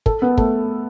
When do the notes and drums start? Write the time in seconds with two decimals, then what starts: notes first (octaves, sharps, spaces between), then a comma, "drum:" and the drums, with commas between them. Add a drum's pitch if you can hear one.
0.06 A4, drum: kick
0.22 B3
0.37 A3, drum: kick